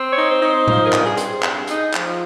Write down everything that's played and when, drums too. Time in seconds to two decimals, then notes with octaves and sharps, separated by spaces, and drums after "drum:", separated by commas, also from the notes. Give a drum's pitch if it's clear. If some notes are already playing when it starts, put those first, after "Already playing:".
Already playing: C4
0.11 C#5
0.18 D#4
0.30 C5
0.42 D#4 C#5
0.48 C5
0.68 F3 C5, drum: tom A2
0.82 G#4
0.86 A#4
0.92 G2, drum: clap
1.06 G#4
1.17 C4, drum: hi-hat
1.25 G#4
1.43 G2, drum: clap
1.67 D#4, drum: hi-hat
1.94 F3, drum: clap